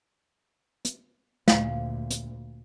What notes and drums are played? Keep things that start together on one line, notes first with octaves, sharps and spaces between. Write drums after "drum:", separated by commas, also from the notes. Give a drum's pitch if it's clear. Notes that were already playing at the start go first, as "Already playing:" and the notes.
drum: hi-hat
D2 A#2 F5, drum: snare
drum: hi-hat